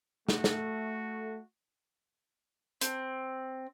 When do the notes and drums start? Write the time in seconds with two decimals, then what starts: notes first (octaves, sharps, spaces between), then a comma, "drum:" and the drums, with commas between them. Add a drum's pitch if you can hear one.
0.29 A3 F#4, drum: snare
0.44 drum: snare
2.81 C4, drum: hi-hat